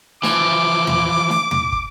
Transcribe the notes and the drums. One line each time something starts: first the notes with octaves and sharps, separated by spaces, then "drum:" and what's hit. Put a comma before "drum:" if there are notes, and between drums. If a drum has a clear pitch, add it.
E3 F3 D6, drum: snare
drum: tom
drum: snare
drum: tom
drum: kick